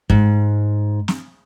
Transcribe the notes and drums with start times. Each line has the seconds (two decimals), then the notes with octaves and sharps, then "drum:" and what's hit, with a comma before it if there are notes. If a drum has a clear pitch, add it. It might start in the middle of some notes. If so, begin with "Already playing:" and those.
0.10 G#2, drum: kick
1.08 drum: snare